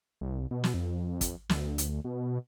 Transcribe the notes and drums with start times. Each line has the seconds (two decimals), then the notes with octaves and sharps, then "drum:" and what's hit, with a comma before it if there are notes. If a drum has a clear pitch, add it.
0.21 C2
0.51 B2
0.64 drum: snare
0.74 F2
1.21 drum: kick, hi-hat
1.49 D2, drum: snare
1.78 drum: hi-hat
2.05 B2